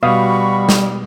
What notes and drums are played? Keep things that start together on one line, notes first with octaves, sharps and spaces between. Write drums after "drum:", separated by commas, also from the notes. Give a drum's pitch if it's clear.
B2 G3 F#4 F5 B5 C#6 D#6
drum: snare